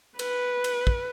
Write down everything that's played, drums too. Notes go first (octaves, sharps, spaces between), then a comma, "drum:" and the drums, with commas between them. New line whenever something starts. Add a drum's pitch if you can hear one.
B4, drum: cymbal
drum: cymbal
drum: kick